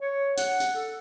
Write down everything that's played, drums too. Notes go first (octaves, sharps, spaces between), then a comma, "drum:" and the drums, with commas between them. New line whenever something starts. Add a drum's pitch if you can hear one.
C#5
F#5, drum: hi-hat
drum: hi-hat
A4